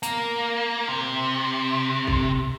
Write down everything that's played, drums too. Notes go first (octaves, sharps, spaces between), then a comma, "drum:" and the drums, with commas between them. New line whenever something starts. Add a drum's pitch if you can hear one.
A#3, drum: hi-hat
C3
drum: kick C2